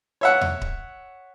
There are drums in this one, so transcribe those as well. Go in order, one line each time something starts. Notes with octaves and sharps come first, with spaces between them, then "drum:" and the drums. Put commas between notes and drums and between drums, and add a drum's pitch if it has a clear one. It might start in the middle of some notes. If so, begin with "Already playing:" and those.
C#5 E5 F#5
drum: tom E2
drum: kick D1